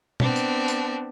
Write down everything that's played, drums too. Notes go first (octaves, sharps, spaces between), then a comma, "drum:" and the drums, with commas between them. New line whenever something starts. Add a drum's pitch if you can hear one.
B3 C4 D4, drum: tom B2
drum: hi-hat
drum: hi-hat